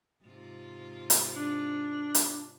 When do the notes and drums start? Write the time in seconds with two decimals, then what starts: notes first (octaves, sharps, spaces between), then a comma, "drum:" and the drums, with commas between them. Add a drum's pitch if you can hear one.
0.23 G#2 C3 F4
1.10 drum: hi-hat
1.36 D4
2.15 drum: hi-hat